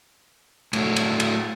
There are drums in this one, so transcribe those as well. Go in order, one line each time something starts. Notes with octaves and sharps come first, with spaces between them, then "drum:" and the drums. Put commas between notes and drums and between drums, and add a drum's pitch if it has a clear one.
A2 A3 F#4, drum: cymbal
drum: cymbal
drum: cymbal